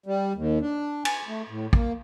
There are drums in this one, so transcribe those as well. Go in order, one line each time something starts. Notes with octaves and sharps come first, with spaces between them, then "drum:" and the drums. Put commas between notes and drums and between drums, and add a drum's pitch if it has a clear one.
G3
D#2
D4
G#5, drum: cymbal
A3
A2
A#3, drum: kick